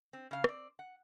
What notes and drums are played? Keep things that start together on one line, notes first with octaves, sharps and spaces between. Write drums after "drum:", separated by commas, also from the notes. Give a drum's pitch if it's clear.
C4
C#3 F5
C4 D5, drum: rim click
F#5